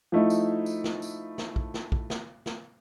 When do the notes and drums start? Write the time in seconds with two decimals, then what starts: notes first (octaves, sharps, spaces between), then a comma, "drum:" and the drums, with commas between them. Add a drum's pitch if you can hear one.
0.12 F3 A3 D#4 E4
0.30 drum: tambourine
0.66 drum: tambourine
0.84 drum: snare
1.02 drum: tambourine
1.38 drum: snare
1.56 drum: kick
1.74 drum: snare
1.92 drum: kick
2.10 drum: snare
2.46 drum: snare